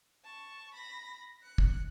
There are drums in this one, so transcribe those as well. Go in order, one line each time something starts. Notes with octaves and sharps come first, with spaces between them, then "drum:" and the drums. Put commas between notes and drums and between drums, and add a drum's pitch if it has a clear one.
A5 C#6
B5 A#6
F#6 C#7
drum: kick